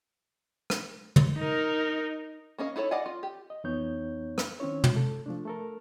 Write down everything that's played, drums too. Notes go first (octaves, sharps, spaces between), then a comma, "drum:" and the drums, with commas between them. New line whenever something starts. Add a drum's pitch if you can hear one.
drum: rim click
drum: tom
D#4 A#4
A#3 C#4 D#5 F5
D#4 E4 A4 C#5
D5 D#5 F5 F#5 G#5
F4
G4
D#5
F2 E3 B3 D#4 C#5 G6
drum: rim click
D#3 C4 C#4 E4 C#5
drum: tom
A4
F3 A3 D4
A3 A4 A#4